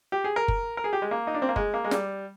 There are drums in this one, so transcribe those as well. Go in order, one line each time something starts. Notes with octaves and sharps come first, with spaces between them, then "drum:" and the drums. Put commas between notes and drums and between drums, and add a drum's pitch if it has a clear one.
G4
G#4
A#4
drum: kick F#1
A#4
G#4
G4
G#3
A#3
D#4
D4
C4
A#3
G#3, drum: kick F#1
A#3
G#3
G3, drum: snare